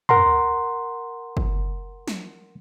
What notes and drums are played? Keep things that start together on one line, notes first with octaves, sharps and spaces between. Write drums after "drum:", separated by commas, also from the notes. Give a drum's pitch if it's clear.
A#4 F#5 A#5 C6, drum: tom
drum: kick
drum: snare